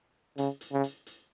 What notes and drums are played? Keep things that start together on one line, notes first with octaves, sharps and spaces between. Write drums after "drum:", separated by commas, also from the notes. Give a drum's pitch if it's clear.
C#3, drum: hi-hat
drum: hi-hat
C#3
drum: hi-hat
drum: hi-hat